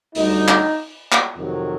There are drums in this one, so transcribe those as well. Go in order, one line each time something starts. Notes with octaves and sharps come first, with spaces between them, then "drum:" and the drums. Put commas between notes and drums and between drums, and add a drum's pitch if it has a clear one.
D2 D3 G3 D#4, drum: open hi-hat
drum: clap
drum: clap
F2 C3 D#3 F#3